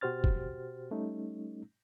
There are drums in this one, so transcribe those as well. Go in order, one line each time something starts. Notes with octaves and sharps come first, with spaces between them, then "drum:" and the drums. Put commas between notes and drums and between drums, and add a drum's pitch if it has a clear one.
B2 F#4 G4 C5 F6 A6
drum: kick
G3 A3 C#4 D#4